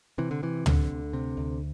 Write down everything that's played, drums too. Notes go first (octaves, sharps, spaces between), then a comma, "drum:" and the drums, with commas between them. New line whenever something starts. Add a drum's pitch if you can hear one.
C3 E3
D3
C3 E3
D2 D3, drum: tom
D2
C3
D2